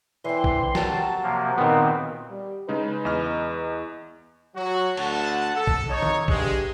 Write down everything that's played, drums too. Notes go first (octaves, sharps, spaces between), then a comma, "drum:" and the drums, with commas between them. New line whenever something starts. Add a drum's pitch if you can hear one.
D3 E3 C4 C6
drum: kick A1
F#3 G3 A#4 A5, drum: snare
C3 F3 A#3
A#2 D#3 B3 C4
G3
C#3 G#3 D#4 B4
E2 D#5 F6
F#3 F#4
D2 F#5 A5, drum: cymbal
A4
drum: kick A1
D#4 C#5
drum: tom D3
G2 G#3, drum: kick A1